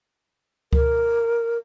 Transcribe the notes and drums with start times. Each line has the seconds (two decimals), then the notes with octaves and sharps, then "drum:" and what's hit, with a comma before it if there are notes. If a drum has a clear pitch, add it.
0.73 A#4, drum: kick C#2